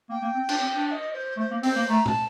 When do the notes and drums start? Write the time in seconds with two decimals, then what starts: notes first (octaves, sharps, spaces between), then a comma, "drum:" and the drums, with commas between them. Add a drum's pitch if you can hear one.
0.09 A#3 G5
0.22 A#3
0.35 C4
0.49 D4, drum: cymbal
0.61 C4
0.74 D4
0.86 G5
0.91 D#5
1.12 C5
1.37 A3 C5
1.51 A#3
1.63 C4 C5, drum: open hi-hat
1.76 A#3
1.89 A3 A#5
2.06 A5, drum: tom